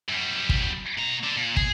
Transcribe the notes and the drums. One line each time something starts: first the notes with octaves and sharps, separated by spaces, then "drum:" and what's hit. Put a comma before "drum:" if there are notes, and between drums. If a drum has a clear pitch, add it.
F#2 G3
drum: kick
B2 A#5
D3
A#2
G#4, drum: kick